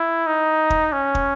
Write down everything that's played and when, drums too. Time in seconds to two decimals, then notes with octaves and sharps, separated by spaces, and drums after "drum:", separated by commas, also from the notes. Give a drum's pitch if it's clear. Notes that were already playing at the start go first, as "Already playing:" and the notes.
Already playing: E4
0.26 D#4
0.70 drum: kick
0.92 C#4
1.15 drum: kick